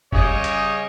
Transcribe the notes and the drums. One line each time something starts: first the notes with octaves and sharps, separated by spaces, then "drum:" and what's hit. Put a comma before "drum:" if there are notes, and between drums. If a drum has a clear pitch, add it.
C#3 G3 C#4 G#4 C#5 D#5, drum: kick
drum: hi-hat